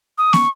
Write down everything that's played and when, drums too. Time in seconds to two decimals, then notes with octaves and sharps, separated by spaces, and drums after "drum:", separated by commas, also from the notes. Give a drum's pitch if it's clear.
0.18 D#6
0.33 C#6, drum: snare